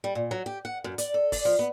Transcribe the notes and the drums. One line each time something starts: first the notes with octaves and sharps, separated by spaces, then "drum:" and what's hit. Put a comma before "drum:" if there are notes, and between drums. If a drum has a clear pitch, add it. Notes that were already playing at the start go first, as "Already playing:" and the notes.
G3
A#2
F#3
G4
F#5
F#2
D5, drum: hi-hat
A4
D5, drum: kick, open hi-hat
F3
B3